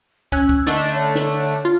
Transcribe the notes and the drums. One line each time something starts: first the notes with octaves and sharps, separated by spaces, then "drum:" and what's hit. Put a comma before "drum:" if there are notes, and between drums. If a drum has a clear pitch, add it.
C#4 E6 F#6 G#6, drum: kick, tambourine
drum: kick
D3 A3 D4 D#5, drum: snare
drum: tambourine
C#5
drum: snare
drum: tambourine
drum: tambourine
F4